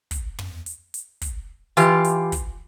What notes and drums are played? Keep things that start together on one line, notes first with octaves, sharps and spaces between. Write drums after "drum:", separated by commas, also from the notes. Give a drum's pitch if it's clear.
drum: kick, hi-hat
drum: tom
drum: hi-hat
drum: hi-hat
drum: kick, hi-hat
E3 F4 G4, drum: hi-hat
drum: hi-hat
drum: kick, hi-hat